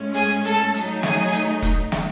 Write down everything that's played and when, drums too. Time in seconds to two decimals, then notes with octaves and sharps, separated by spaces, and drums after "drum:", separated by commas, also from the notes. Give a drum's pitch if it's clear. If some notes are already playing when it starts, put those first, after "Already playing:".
Already playing: A2 G#3 C#4
0.15 G#4 G#5, drum: hi-hat
0.44 A4 A5, drum: hi-hat
0.74 F#3 A3 D#4, drum: hi-hat
1.03 G#4 G#5, drum: snare
1.33 drum: hi-hat
1.62 drum: kick E1, hi-hat
1.92 drum: snare